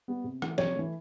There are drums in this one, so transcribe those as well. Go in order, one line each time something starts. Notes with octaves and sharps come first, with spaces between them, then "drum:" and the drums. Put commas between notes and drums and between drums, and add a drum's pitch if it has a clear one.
G3 B3
C3
E3 A3, drum: rim click
C3 C#5, drum: snare
E3 A3